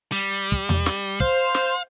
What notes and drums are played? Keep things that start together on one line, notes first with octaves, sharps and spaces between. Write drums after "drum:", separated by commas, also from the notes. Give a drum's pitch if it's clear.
G3
drum: kick
drum: tom E2
drum: snare
C5 F5, drum: kick
drum: snare